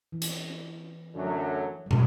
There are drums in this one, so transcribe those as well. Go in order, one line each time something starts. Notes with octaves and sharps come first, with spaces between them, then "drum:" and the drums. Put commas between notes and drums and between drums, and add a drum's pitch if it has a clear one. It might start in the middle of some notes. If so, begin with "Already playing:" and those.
E3
drum: hi-hat
F#2 D3 F#3 A3
G3
F#3, drum: tom